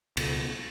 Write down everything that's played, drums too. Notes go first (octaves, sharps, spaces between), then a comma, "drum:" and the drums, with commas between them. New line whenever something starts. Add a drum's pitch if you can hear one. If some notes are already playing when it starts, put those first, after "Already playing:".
C#2 B2, drum: cymbal